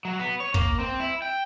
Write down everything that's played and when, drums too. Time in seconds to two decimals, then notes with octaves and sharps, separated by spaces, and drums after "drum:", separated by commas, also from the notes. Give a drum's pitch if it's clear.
0.05 F#3
0.19 B3
0.40 C#5
0.54 A#3, drum: kick
0.79 C4
1.00 E4
1.22 G5